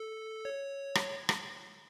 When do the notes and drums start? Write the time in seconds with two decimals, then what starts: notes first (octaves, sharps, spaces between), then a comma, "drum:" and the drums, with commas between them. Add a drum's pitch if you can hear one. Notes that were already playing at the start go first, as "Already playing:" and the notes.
Already playing: A4
0.45 C#5
0.95 drum: rim click
1.29 drum: rim click